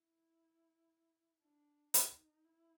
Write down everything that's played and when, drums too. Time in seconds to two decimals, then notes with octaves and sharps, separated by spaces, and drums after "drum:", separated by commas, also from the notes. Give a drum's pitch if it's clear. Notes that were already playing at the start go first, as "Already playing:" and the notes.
Already playing: E4
1.42 D4
1.94 D#4, drum: hi-hat
2.44 E4